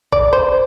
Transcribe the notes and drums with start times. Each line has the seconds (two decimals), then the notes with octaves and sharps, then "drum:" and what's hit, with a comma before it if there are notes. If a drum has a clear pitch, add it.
0.12 D5, drum: kick A#1
0.33 C5